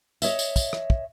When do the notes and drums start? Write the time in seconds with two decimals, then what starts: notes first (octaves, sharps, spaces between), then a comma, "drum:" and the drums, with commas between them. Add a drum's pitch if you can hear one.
0.22 C#5 D#5 E5, drum: tambourine
0.39 drum: tambourine
0.56 drum: kick, tambourine
0.73 drum: rim click
0.90 drum: kick